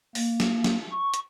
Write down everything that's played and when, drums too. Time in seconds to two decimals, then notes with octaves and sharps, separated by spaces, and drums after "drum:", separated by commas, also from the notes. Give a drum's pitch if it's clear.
0.15 A#3, drum: open hi-hat
0.40 drum: snare
0.64 drum: snare
0.92 C#6
1.14 drum: hi-hat